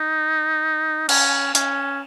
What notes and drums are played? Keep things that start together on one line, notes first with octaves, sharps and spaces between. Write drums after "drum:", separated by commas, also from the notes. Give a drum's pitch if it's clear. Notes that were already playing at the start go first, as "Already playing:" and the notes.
Already playing: D#4
C#4, drum: cymbal
C#4, drum: hi-hat